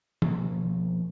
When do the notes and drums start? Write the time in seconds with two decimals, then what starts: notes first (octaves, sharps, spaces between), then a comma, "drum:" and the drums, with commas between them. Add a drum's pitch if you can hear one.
0.22 B2 F3 A#3 C#4, drum: tom D#3